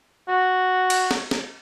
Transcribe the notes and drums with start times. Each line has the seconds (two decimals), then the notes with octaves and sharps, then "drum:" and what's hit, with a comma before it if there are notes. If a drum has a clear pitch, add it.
0.28 F#4
0.90 drum: cymbal
1.11 drum: snare
1.31 drum: snare